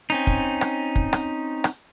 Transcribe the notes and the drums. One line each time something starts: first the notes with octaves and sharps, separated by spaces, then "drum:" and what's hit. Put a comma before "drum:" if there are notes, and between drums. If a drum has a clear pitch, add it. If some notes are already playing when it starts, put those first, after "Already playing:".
C4 C#4 D#4
drum: kick
drum: rim click
drum: kick
drum: rim click
drum: rim click